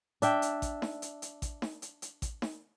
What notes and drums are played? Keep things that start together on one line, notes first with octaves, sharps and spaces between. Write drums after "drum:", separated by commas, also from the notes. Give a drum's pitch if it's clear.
D4 E5 G5, drum: hi-hat
drum: hi-hat
drum: kick A1, hi-hat
drum: snare D#4
drum: hi-hat
drum: hi-hat
drum: kick A1, hi-hat
drum: snare D#4
drum: hi-hat
drum: hi-hat
drum: kick A1, hi-hat
drum: snare D#4